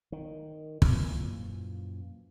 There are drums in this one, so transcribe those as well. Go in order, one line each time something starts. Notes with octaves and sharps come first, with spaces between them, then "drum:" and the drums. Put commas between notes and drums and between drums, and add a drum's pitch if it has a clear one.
D#3
F#2 A#2 E3 F3, drum: kick